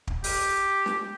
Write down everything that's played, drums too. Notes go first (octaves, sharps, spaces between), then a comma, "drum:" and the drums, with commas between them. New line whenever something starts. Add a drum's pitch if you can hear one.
drum: kick
G4, drum: open hi-hat
drum: snare